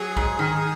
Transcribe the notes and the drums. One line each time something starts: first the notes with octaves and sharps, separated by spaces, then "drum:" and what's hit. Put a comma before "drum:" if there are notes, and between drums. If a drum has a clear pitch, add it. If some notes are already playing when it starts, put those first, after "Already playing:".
Already playing: F#3 G#4
G#2, drum: kick
D#3